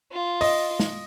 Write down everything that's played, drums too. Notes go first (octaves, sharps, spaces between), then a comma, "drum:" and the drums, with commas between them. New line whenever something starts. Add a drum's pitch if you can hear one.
F4
D#5, drum: open hi-hat
drum: snare